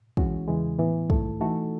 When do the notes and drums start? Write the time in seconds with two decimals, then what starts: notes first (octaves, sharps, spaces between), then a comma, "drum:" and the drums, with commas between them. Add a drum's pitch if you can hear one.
0.17 E3 G#3 C#4 F#4, drum: kick
0.48 E2 C#3 E3 G#3
0.78 A2 E3 B3
1.10 G#2 D#3 A3 E4 A4, drum: kick
1.40 E3 A3 D#4 F#4 A4